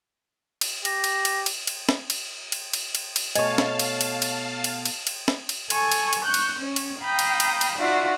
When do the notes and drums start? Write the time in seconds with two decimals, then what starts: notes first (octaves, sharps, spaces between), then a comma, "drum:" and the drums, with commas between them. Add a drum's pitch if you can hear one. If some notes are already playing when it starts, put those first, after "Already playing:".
0.61 drum: cymbal
0.85 G4 A#6, drum: cymbal
1.04 drum: cymbal
1.25 drum: cymbal
1.46 drum: cymbal
1.67 drum: cymbal
1.89 drum: snare
2.10 drum: cymbal
2.52 drum: cymbal
2.73 drum: cymbal
2.95 drum: cymbal
3.16 drum: cymbal
3.35 B2 A3 C#5 D#5 F5 G#5 A5, drum: cymbal
3.58 drum: snare
3.79 drum: cymbal
4.01 drum: cymbal
4.22 drum: cymbal
4.64 drum: cymbal
4.85 drum: cymbal
5.07 drum: cymbal
5.28 drum: snare
5.49 drum: cymbal
5.70 A4 G#5 C#6, drum: cymbal
5.91 drum: cymbal
6.13 drum: cymbal
6.24 C#6 F#6 G6
6.34 drum: cymbal
6.60 C#4 C#5
6.76 drum: cymbal
7.01 F5 G5 A#5 B5 D#6 G6
7.19 drum: cymbal
7.40 drum: cymbal
7.61 drum: cymbal
7.78 D#4 F4 F#4 D5 E5 F5